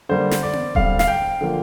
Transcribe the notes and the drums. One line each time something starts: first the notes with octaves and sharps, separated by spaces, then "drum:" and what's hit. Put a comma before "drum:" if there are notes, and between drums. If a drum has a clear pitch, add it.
D3 G3 A#3 C5
drum: snare
D5
drum: tom B3
D3 G3 C4 F5, drum: kick D#1
F5, drum: snare
G5
D3 F3 A#3